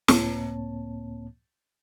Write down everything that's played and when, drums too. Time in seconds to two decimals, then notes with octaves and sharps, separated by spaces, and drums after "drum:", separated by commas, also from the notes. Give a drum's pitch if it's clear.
0.08 C#2 A2 A#3 C4 C#5 A5, drum: snare